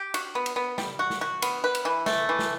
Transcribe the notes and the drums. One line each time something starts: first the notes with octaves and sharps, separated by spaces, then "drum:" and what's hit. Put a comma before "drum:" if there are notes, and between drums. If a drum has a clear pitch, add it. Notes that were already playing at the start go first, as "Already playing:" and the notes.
Already playing: G4
F#4, drum: cymbal
B3
drum: cymbal
B3
G3, drum: snare
F#4
drum: snare
F#4
B3, drum: cymbal
B4
drum: cymbal
E3
A3, drum: snare
E3
drum: snare